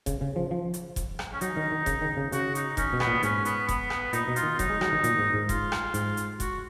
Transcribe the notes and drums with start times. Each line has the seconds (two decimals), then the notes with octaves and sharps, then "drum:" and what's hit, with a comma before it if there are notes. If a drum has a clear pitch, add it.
0.06 C#3, drum: kick F1, hi-hat
0.21 C#3
0.36 F3
0.51 F3
0.74 drum: hi-hat
0.96 drum: kick F1, hi-hat
1.19 drum: rim click
1.34 C#4
1.41 F#3 D#4, drum: hi-hat
1.57 D#3
1.72 D#3
1.86 C#3, drum: kick F1, hi-hat
2.02 D#3
2.17 C#3
2.32 C#3 F#4, drum: hi-hat
2.55 D#4, drum: hi-hat
2.77 D#3 C#4, drum: kick F1, hi-hat
2.93 B2
3.00 B3, drum: rim click
3.07 A#2
3.23 G#2 C#4, drum: hi-hat
3.45 B3, drum: hi-hat
3.69 B3, drum: kick F1, hi-hat
3.90 B3, drum: rim click
4.13 A#2 D#4, drum: hi-hat
4.28 B2
4.36 F4, drum: hi-hat
4.43 D#3
4.59 F#3 D#4, drum: kick F1, hi-hat
4.70 G#3
4.81 F#3, drum: rim click
4.93 D#3
5.04 A#2, drum: hi-hat
5.19 G#2
5.34 G#2
5.49 F4, drum: kick F1, hi-hat
5.72 drum: rim click
5.94 G#2, drum: hi-hat
6.17 drum: hi-hat
6.40 F#4, drum: kick F1, hi-hat